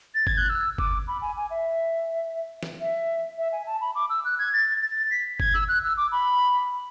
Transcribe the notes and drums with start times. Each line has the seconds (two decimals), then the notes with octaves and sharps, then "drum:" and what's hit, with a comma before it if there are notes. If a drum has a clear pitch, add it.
0.15 A6
0.27 G#6, drum: kick G1
0.38 F#6
0.49 E6
0.78 D6, drum: kick G1
1.08 B5
1.22 G#5
1.36 G#5
1.51 E5
2.63 drum: snare
2.81 E5
3.38 E5
3.53 G#5
3.66 A5
3.81 B5
3.95 D6
4.10 E6
4.25 F#6
4.39 G#6
4.53 A6
4.82 A6
5.11 B6
5.40 G#6, drum: kick G1
5.54 E6
5.68 F#6
5.83 E6
5.97 D6
6.12 B5